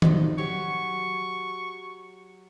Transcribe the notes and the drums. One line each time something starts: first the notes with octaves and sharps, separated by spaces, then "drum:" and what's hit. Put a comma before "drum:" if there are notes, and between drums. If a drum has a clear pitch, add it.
A2 C3 D#4 D#5, drum: tom D#3
F#3 F#4 G4 C#6